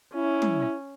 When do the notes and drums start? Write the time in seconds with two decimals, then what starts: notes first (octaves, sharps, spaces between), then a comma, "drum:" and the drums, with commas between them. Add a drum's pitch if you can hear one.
0.14 C#4 E4
0.42 drum: tom